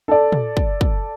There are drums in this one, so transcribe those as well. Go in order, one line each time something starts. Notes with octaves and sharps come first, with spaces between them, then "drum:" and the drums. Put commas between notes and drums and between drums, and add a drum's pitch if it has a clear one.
A4 D5
drum: tom
drum: kick
drum: kick